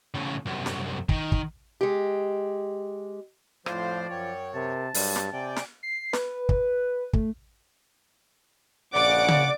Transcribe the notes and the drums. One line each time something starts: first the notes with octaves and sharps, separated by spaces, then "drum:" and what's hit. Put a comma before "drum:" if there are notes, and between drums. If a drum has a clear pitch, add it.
A2 C#3
C2 F#2
drum: snare
D#3, drum: kick
drum: kick
G#3 G4
F2 A2 F3 C5 D5 F5, drum: rim click
F#2 C#5 G5
C3 A#4 A5
G2 F#3 G3 D5, drum: open hi-hat
drum: snare
C3 D5 G5 G#5
drum: snare
C7
B4, drum: snare
drum: kick
A3, drum: kick
A#1 C#3 D5 F#5 D6
drum: tom C#3